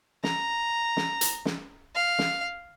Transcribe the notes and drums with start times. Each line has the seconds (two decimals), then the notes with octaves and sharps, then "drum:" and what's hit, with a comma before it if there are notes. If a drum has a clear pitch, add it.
0.23 A#5, drum: snare
0.97 drum: snare
1.21 drum: hi-hat
1.45 drum: snare
1.95 F5
2.19 drum: snare